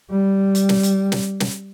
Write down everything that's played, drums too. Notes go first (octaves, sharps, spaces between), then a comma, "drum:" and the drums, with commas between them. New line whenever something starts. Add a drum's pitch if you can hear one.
G3
drum: hi-hat
drum: snare
drum: hi-hat
drum: snare
drum: snare